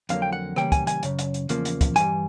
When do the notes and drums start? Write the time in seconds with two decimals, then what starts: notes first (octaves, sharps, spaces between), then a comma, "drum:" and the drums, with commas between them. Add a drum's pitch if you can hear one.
0.09 F2 D3 F#3 A#3 F5, drum: hi-hat
0.22 G5
0.33 F#5
0.56 C#3 E3 G3 A#3 G5, drum: rim click
0.72 G#5, drum: kick, hi-hat
0.87 G#5, drum: hi-hat
1.03 F#2 C#3, drum: hi-hat
1.19 drum: hi-hat
1.34 drum: hi-hat
1.49 E2 C#3 F3 A#3, drum: hi-hat
1.65 drum: hi-hat
1.81 drum: kick, hi-hat
1.96 G2 E3 G3 G#5, drum: hi-hat